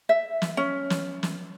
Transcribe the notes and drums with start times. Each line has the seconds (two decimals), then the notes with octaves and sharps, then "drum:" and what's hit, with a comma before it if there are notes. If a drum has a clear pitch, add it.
0.09 E5
0.42 drum: snare
0.57 C#4
0.90 drum: snare
1.23 drum: snare